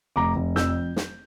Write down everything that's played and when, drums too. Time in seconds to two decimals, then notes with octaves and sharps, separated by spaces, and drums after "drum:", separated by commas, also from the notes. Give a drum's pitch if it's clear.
0.16 F1 A#5 D6
0.36 F1
0.56 F2 E6 G6, drum: snare
0.96 drum: snare